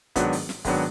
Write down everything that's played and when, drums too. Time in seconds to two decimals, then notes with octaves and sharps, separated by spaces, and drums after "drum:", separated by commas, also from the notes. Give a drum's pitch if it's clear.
0.16 G#2 D#3 F#3 B3 D4, drum: kick, hi-hat
0.33 drum: open hi-hat
0.49 drum: snare
0.65 G#2 D#3 F#3 B3 D4, drum: kick, open hi-hat